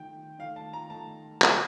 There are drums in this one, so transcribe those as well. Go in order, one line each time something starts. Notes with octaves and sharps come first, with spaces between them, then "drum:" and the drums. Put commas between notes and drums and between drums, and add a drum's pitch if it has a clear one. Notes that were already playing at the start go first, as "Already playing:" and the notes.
Already playing: D#3 A3 D#4 G5
D#3 A3 D#4 F5
A5
A#5
D#3 A3 D#4 A5
F2 D3 G3 D4 A4, drum: clap